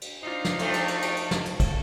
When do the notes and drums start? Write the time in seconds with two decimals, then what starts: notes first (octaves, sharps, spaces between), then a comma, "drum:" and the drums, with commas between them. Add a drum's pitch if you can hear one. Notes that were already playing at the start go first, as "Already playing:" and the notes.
0.01 drum: cymbal
0.23 D4 D#4 F4 C5
0.45 drum: snare
0.59 F2 A3, drum: cymbal
0.73 drum: cymbal
0.88 drum: cymbal
1.02 drum: cymbal
1.17 drum: cymbal
1.31 drum: snare
1.45 drum: cymbal
1.60 drum: kick, cymbal